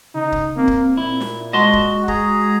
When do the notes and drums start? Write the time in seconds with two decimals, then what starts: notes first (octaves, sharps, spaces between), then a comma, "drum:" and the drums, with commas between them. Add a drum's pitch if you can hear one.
0.15 C#3 D#4
0.32 drum: kick C#1
0.57 A#3 C4
0.68 drum: kick C#1
0.97 A#2 E4
1.20 drum: snare
1.53 G#3 F#4 D#5 A5 C6
1.73 drum: kick C#1
2.08 F#4 G#4 A#5, drum: kick C#1